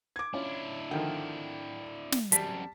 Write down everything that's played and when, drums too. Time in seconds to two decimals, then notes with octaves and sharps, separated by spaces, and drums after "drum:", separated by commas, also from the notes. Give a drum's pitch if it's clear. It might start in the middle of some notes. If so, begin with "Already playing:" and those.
0.16 D6 G#6
0.34 C#4 D4 E4 F4
0.91 D3 D#3 F3 G5
2.12 drum: snare
2.32 F#2 G3 C4 A5 B6, drum: hi-hat